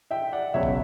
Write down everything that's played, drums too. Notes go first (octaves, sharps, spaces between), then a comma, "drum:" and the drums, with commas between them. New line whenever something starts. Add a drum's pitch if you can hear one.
E5 G5
D5 F#5
C#2 B2 F#3 C#5 E5
drum: kick